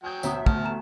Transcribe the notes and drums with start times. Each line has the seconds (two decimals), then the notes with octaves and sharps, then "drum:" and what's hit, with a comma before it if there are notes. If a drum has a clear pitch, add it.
0.04 F#3 G5 G#5 D#6 G6
0.23 A1 D2 B2 C#5 E5 A#5 D#6, drum: tambourine
0.46 A3 A5 F6, drum: kick
0.64 G#5 A#5 E7